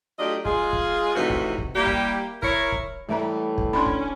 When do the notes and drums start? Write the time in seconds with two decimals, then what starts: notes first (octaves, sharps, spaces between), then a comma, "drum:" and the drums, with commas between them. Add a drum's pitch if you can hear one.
0.19 F#3 A3 D4 F4 G4 D#5
0.45 G#3 F4 G#4, drum: kick
0.73 drum: kick
1.16 A2 C3 E3 F3 D#4 F#4
1.30 drum: kick
1.58 drum: kick
1.76 G3 A#3 E4 G4
1.87 drum: kick
2.43 E4 A#4 C#5, drum: kick
2.72 drum: kick
3.09 A2 E3 G3 G#3 E5 A#5
3.58 drum: kick
3.73 C#4 D4 B5 C6
3.86 drum: kick